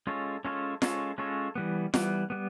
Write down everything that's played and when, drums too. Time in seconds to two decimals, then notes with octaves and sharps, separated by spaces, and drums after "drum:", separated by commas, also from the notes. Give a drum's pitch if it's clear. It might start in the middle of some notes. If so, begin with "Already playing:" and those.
0.07 G#3 C#4 F4 A4 C#5
0.45 G#3 C#4 F4 A4 C#5
0.82 G#3 C#4 F4 A4 C#5, drum: snare F4
1.18 G#3 C#4 F4 A4 C#5
1.55 E3 G3 B3
1.94 E3 G3 B3, drum: snare F4
2.30 G3 B3